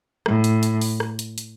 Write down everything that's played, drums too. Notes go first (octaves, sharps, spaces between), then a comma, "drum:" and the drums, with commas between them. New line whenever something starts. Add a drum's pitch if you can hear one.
A2, drum: rim click
drum: hi-hat
drum: hi-hat
drum: open hi-hat
drum: rim click
drum: hi-hat
drum: hi-hat